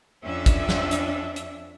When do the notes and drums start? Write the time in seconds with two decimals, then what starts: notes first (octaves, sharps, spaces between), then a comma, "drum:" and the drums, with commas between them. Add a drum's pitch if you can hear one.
0.24 F2 C#4 D4 E5
0.46 drum: kick, hi-hat
0.69 drum: snare
0.91 drum: hi-hat
1.36 drum: hi-hat